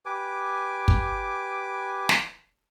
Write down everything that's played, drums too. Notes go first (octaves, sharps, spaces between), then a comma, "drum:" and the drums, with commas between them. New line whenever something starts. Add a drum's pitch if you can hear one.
G4 B4 G#5 D6
drum: kick
drum: snare